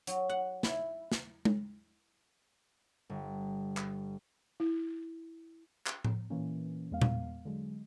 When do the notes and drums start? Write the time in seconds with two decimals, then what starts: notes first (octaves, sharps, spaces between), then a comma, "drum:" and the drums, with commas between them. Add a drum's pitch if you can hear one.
0.07 F#3, drum: hi-hat
0.29 F#5
0.63 E4, drum: snare
1.12 drum: snare
1.45 drum: tom G#3
3.10 G1
3.77 drum: clap
4.60 E4
5.86 drum: clap
6.04 drum: tom A2
6.30 A#2 E3 A#3 C#4
6.91 E2 G#3 B3 F5
7.02 drum: tom A#2
7.45 D3 F#3 G#3